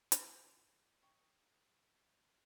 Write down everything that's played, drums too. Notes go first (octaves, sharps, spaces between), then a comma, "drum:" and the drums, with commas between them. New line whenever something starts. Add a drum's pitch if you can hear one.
drum: hi-hat
D#4 C#5 G5 D#6